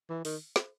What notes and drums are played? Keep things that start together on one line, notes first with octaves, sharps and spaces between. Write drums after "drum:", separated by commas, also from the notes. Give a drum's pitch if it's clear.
E3
D#3, drum: open hi-hat
drum: snare